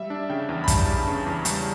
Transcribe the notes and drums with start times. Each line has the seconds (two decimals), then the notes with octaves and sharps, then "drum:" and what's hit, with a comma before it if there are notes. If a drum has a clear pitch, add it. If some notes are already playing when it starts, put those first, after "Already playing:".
Already playing: G3 E5
0.10 D4
0.30 C#3 G5
0.49 E2
0.64 B5
0.68 G3 A5, drum: kick, hi-hat
0.87 D4
1.07 C#3
1.26 E2
1.45 G3, drum: hi-hat